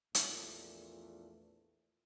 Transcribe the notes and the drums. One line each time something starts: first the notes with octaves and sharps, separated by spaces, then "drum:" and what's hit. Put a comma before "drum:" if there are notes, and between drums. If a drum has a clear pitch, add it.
A#1 E2 A#2 A3, drum: hi-hat